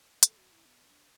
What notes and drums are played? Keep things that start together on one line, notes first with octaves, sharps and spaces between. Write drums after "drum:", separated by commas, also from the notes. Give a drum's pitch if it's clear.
A4, drum: hi-hat
F#4
E4
B3
D4